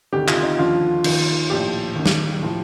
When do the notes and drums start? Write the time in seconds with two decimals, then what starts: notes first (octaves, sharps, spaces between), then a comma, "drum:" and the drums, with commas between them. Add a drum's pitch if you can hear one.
0.12 D2 C3 D#3 G4
0.28 F4, drum: clap
0.43 D#4
0.59 D#2 D3 F3 F4
1.04 D#2 D#3, drum: cymbal
1.50 A#1 A2 F3 G4
1.96 D#2 D#3
2.06 drum: snare
2.42 A2 F3